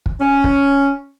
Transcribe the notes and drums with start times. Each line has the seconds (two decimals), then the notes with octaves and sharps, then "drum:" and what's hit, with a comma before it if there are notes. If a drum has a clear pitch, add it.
0.06 drum: kick
0.21 C#4
0.44 drum: kick